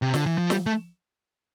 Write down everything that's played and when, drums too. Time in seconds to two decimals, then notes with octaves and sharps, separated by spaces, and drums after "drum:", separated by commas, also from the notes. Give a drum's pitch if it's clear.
0.02 C3
0.14 D3, drum: snare
0.26 E3
0.38 F3
0.50 G3, drum: snare
0.66 A3